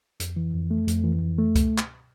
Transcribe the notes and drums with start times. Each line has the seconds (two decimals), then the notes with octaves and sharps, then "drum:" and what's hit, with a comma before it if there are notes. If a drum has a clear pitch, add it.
0.20 F2, drum: hi-hat
0.36 E3
0.54 F2
0.71 A3
0.88 F2, drum: hi-hat
1.04 E3
1.21 F2
1.38 A3
1.55 drum: kick C#2, hi-hat
1.78 drum: clap